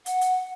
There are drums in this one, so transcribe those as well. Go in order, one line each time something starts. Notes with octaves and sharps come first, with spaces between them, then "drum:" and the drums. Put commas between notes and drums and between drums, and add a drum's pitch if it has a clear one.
F#5, drum: hi-hat
drum: hi-hat